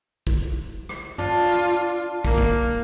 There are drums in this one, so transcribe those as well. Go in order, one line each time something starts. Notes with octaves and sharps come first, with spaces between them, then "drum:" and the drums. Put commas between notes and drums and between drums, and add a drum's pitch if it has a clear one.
drum: kick
drum: rim click
D4 F4, drum: tom
A#3, drum: kick
drum: kick